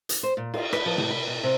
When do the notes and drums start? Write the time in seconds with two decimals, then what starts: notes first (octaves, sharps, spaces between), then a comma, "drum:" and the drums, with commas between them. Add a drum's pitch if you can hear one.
0.09 drum: hi-hat
0.23 C5
0.37 A#2
0.54 F4, drum: cymbal
0.73 B4, drum: rim click
0.86 F3
0.98 A2, drum: tom C3
1.10 B4
1.27 B2
1.43 C3